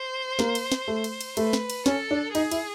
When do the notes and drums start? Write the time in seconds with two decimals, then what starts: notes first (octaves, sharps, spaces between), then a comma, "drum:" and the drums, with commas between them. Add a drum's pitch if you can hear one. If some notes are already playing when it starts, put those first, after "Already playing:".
Already playing: C5
0.39 A#3, drum: snare
0.55 drum: cymbal
0.72 drum: snare
0.88 A3
1.04 drum: cymbal
1.21 drum: cymbal
1.37 A3 B4, drum: cymbal
1.53 drum: snare
1.70 drum: cymbal
1.86 C#4 A4, drum: snare
2.11 D4
2.35 D#4 G#4, drum: cymbal
2.51 E4, drum: cymbal